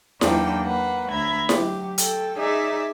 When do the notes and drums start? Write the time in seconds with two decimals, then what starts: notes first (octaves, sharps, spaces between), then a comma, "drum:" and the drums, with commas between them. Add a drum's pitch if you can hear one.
0.21 E2 F#3 A#3 D4 D#4 G5, drum: snare E4
0.64 A#3 B4 F#5
1.11 D2 E5 A#5 B5 G#6
1.49 F#3 G4, drum: snare E4
1.98 A4 G5, drum: hi-hat
2.37 D#4 G#4 D5 E5